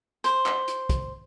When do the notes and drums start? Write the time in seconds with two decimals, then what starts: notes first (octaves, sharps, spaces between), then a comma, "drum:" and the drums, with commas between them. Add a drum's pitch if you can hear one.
0.24 C5, drum: hi-hat
0.46 drum: clap
0.68 drum: hi-hat
0.89 drum: kick, hi-hat